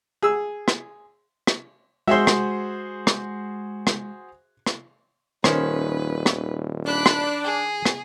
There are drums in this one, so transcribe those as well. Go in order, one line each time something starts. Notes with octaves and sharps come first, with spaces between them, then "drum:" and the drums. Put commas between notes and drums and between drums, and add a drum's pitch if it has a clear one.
G#4 E6
drum: rim click
drum: rim click
G#3 F#4 G#4 C5 E5 C6
drum: rim click
drum: rim click
drum: rim click
drum: rim click
D#1 D#3 C#4 B4 C5, drum: rim click
drum: rim click
D4 B5 F#6
drum: rim click
G#4
drum: rim click